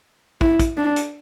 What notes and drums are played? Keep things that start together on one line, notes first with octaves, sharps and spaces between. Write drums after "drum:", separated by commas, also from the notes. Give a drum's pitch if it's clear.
E4, drum: kick
drum: kick, hi-hat
D4
drum: hi-hat